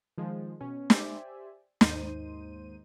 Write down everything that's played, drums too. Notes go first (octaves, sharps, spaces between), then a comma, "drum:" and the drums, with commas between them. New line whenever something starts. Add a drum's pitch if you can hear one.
D#3 F3 G#3
B2 C#4
G4 C5 D5 E5 G#5, drum: snare
D#2 G#2 D#4 C5 D#7, drum: snare